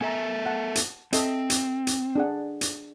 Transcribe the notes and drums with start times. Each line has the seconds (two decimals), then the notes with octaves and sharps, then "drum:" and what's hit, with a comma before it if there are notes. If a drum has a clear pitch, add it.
0.01 B3 A4 E5 G#5 A#5
0.46 F#5 A5
0.75 drum: hi-hat
1.13 C4 A4 D#5 E5, drum: hi-hat
1.50 drum: hi-hat
1.87 drum: hi-hat
2.16 D4 G#4 F#5
2.61 drum: hi-hat